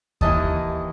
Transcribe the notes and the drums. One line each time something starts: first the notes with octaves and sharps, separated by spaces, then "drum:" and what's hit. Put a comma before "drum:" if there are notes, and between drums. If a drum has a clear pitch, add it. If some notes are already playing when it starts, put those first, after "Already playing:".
D#2 E3 D#5 A5 D#6, drum: kick D#2